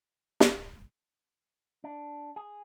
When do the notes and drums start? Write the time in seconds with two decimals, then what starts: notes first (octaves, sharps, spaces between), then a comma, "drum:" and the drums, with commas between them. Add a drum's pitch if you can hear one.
0.40 drum: snare
1.84 D4
2.36 G#4